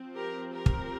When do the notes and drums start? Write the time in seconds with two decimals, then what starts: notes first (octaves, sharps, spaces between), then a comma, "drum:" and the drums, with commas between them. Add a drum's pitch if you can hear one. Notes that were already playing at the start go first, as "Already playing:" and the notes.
Already playing: F3 C4
0.15 G4 A#4
0.53 G4 A#4
0.66 drum: kick